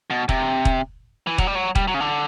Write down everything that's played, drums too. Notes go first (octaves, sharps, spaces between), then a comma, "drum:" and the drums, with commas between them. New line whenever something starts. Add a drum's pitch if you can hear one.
B2
C3, drum: kick E1
drum: kick E1
E3
F#3, drum: kick E1
G3
F#3
G3, drum: kick E1
F#3
C#3
D3